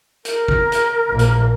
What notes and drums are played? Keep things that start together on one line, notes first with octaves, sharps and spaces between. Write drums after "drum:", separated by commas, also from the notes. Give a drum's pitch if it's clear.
A#4, drum: hi-hat
drum: kick
drum: hi-hat
A#1 A#3
drum: hi-hat